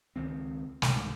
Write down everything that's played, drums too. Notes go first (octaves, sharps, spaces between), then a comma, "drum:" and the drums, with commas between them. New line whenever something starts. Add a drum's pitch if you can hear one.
C#2 D#3 C4
C2 G#2 C3 D#3, drum: snare